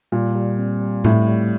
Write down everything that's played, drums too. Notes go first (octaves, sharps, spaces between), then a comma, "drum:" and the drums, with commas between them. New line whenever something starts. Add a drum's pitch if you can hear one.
A#2 G3
G3
C4
G3
A2 G3, drum: tom A2
G3